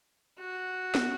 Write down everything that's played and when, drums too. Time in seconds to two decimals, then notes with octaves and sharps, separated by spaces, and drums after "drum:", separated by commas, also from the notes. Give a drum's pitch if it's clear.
0.40 F#4
0.95 drum: snare